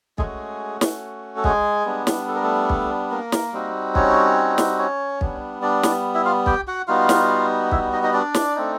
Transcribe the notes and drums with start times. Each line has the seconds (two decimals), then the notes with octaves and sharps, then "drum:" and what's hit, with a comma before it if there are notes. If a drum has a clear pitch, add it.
0.18 G#3 A3 C#4 F#4 G#4, drum: kick
0.81 drum: snare
1.37 A4
1.44 G#3 G#4, drum: kick
1.85 G3 B3 D4
2.07 drum: snare
2.28 A4
2.35 A#4
2.43 A3 A4
2.70 drum: kick
3.11 A#3 A#4
3.32 drum: snare
3.53 G3 C4 D#4 F#4
3.95 C#4 C#5, drum: kick
4.58 drum: snare
4.79 C#4 C#5
5.21 G3 B3 D4, drum: kick
5.62 D4 D5
5.83 drum: snare
6.14 E4 E5
6.25 F4 F5
6.46 G4 G5, drum: kick
6.67 F#4 F#5
6.87 G3 B3 D#4 F4 F#4 F5
7.09 drum: snare
7.71 E4 E5, drum: kick
7.92 D#4 D#5
8.03 D#4 D#5
8.13 D4 D5
8.34 drum: snare
8.55 A3 C4 D#4